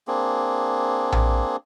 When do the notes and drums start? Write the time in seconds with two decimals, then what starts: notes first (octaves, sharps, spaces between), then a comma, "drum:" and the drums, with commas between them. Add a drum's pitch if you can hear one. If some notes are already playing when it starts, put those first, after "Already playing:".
0.07 A#3 C4 D4 G#4
1.12 drum: tom A#1